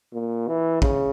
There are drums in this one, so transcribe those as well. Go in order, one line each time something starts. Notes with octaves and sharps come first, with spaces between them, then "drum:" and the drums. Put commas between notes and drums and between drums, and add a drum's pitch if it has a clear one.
A#2
E3
C#3, drum: kick